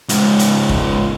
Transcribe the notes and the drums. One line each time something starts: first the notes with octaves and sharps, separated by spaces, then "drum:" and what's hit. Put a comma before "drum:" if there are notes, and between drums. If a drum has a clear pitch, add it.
C#2 G#2, drum: hi-hat
drum: hi-hat
drum: kick